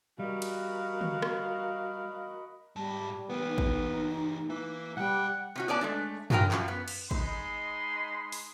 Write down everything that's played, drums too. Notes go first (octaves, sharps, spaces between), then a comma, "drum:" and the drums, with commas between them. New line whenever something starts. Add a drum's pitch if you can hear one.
G3 F#4 A#4 D#5 F5 B5
drum: cymbal
drum: tom D3
drum: rim click
G#2 G3 A5
E3 A#3 B3
D#4
drum: kick
E3 A#3
B1 G3 F#5 G5
C3 C#4 F#4
B3 C#4 D5 A5
G#3 A3 D4
G2 F#3 G#3 B3 A#4 G5, drum: tom
F#2 F3, drum: clap
B3
drum: cymbal
G#3 D#4 B5 C6, drum: kick
drum: open hi-hat